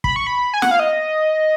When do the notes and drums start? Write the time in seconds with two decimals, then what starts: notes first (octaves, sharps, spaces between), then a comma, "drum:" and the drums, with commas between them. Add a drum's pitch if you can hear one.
0.04 B5, drum: kick
0.16 C#6
0.27 B5
0.54 G#5
0.62 F#5, drum: snare
0.71 F5
0.79 D#5